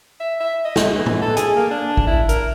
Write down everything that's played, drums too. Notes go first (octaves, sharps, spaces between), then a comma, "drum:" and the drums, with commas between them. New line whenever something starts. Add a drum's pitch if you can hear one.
E5
E5
D#5
drum: snare
E3
drum: tom
A4
G#4, drum: hi-hat
A#3
D4
drum: kick A1
E4
A#4, drum: hi-hat